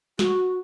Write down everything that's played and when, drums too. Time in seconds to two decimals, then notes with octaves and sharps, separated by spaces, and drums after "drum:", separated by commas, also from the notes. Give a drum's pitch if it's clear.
0.19 F#4, drum: snare